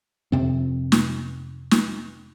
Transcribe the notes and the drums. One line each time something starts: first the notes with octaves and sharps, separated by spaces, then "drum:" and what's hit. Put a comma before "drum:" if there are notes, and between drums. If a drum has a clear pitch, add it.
F2 C3 C4
drum: snare
drum: snare